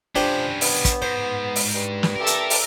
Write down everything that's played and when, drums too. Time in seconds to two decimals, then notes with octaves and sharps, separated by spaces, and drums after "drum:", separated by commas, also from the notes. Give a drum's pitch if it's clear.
0.15 F3 C#4 D4 G4 B4 C5
0.61 B3, drum: open hi-hat
0.85 drum: kick, hi-hat
1.02 G#2 C5
1.56 drum: open hi-hat
1.75 G2
2.03 drum: snare
2.16 G4 A4 A#4 E5
2.27 drum: hi-hat
2.50 drum: open hi-hat